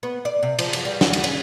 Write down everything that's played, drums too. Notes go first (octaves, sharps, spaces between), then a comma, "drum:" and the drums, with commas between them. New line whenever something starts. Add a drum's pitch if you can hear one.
B3
D5
C3
F3, drum: cymbal
F#2, drum: cymbal
G3
F#4, drum: snare
drum: cymbal
C#4, drum: cymbal